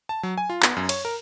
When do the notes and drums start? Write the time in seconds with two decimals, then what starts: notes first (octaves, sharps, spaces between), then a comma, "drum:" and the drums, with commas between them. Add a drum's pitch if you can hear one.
0.09 A5
0.23 F#3
0.38 G#5
0.50 F4
0.62 B3, drum: clap
0.77 F#2
0.89 C#5, drum: cymbal
1.05 A#4